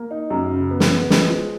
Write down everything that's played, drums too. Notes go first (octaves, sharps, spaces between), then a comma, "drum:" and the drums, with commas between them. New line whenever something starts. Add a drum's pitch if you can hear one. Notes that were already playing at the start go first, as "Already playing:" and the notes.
Already playing: A#3
D#4
F#2
C#3
B3
drum: snare
B3
G#3, drum: snare
F3